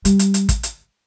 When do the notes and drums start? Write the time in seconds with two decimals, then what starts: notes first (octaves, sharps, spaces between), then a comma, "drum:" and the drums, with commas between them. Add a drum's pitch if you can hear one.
0.05 G3, drum: hi-hat
0.19 drum: hi-hat
0.34 drum: hi-hat
0.49 drum: kick, hi-hat
0.63 drum: hi-hat